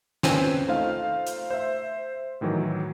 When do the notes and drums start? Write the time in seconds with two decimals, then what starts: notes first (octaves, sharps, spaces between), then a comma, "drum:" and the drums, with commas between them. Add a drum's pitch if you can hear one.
0.23 C4 C#4 B4 C5 G5 G#5, drum: snare
0.68 A3 D#4 F4 C5 F5
1.27 drum: hi-hat
1.51 C5 E5
2.41 A2 D#3 E3 F#3